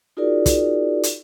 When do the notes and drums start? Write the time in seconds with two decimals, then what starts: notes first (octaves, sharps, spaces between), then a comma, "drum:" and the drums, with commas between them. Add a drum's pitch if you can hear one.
0.17 D#4 F4 F#4 G#4 A#4 D5
0.46 drum: kick, hi-hat
1.03 drum: hi-hat